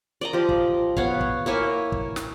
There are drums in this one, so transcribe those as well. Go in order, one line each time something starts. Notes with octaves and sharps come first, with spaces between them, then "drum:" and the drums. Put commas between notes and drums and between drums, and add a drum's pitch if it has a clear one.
D5 D#5 A#5
F3 G4
drum: kick
B3 C#5 F5, drum: kick
drum: kick
A#3 E4 C#5 G#5
drum: kick
drum: snare